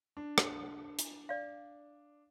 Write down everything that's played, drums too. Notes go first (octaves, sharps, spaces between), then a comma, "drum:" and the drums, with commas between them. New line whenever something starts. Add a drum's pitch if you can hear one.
D4
drum: rim click
drum: hi-hat
D5 F5